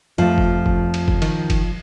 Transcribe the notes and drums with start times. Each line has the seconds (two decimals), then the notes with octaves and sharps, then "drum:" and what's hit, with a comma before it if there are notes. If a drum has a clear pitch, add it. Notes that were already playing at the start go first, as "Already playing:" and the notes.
0.18 F2 F3 A3
0.38 drum: kick F#1
0.66 drum: kick F#1
0.94 drum: cymbal
1.08 drum: kick F#1
1.22 D#3, drum: cymbal
1.50 drum: kick F#1, cymbal